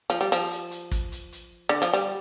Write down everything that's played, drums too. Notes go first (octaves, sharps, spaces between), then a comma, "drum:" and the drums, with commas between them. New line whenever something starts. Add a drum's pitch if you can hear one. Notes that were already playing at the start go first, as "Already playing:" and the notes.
F3
G3
F3, drum: hi-hat
drum: hi-hat
drum: hi-hat
drum: kick, hi-hat
drum: hi-hat
drum: hi-hat
D3
F3
G3, drum: hi-hat